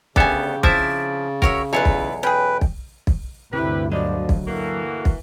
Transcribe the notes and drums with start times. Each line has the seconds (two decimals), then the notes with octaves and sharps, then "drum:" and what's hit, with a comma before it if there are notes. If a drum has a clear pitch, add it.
0.16 D2 C#3 B3 D4 G4 A4 G#5, drum: kick
0.63 F3 C4 E4 D5 E5, drum: kick
1.42 F#4 A#4 C#5 E5, drum: kick
1.73 B1 E2 E4 F4 B4 C#5
1.85 drum: kick
2.23 C#4 G#4 B4 G5
2.61 drum: kick
3.07 drum: kick
3.53 D2 G2 C3 E4 G4 B4
3.91 F3 F#3 D5 D#5
4.29 drum: kick
4.47 E3 A#3 F#4 A4
5.05 drum: kick